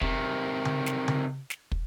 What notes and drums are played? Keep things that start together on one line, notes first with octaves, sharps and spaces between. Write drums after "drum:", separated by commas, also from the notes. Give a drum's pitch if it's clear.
C3 D#3, drum: kick
drum: tom C#3
drum: snare
drum: tom C#3
drum: snare
drum: kick